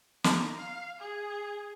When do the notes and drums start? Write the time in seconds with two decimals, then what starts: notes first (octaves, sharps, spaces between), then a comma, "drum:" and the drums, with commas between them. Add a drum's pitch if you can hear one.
0.24 A#5, drum: snare
0.57 F5
0.99 G#4